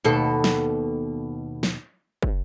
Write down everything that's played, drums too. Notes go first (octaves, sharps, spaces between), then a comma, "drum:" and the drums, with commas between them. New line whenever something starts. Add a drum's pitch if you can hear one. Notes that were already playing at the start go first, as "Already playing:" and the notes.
D#2 B2 A4
drum: snare
drum: snare
drum: kick